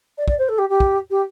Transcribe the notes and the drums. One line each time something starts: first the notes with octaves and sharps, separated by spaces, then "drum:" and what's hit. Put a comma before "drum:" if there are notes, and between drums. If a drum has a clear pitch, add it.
D5
D5, drum: kick
C5
A4
G4
G4
drum: kick
G4